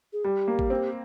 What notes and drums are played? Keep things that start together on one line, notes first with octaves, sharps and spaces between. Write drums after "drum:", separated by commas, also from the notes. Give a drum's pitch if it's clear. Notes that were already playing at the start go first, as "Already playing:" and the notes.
G#4
G3 G4
A#3
drum: kick
C4